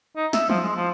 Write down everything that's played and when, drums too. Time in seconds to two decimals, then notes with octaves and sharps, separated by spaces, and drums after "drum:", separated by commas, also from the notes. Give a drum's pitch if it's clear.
0.16 D#4
0.33 E5, drum: snare
0.50 F3, drum: tom F3
0.63 G#3
0.76 F3